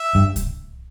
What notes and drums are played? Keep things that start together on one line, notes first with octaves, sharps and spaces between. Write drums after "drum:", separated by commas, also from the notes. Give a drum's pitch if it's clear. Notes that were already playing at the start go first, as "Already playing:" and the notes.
Already playing: E5
G2
drum: kick C2, hi-hat